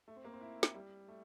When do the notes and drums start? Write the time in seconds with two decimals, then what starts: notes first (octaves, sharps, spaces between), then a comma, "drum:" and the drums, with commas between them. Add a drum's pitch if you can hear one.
0.08 A3
0.16 C4
0.25 A#3
0.33 C4
0.41 E4
0.63 drum: snare
0.74 G3
1.08 A3